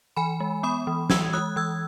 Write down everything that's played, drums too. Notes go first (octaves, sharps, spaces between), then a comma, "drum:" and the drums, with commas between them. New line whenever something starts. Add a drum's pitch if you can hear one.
E3 G#5 B5
G#3
B3 B5 D#6
E3
E3 E6 G#6, drum: snare
G#3 D#6 F#6
E3 E6 G#6